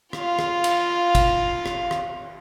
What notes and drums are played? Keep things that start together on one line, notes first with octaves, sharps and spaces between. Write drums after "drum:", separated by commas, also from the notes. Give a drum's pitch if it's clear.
F4 F5, drum: rim click
drum: rim click
drum: cymbal
drum: kick, cymbal
drum: rim click
drum: rim click